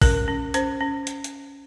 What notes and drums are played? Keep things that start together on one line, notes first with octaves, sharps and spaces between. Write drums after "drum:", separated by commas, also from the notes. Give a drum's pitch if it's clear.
C#4 A#4, drum: kick A1, open hi-hat
C#4
C#4 C5, drum: hi-hat
C#4
drum: hi-hat
drum: hi-hat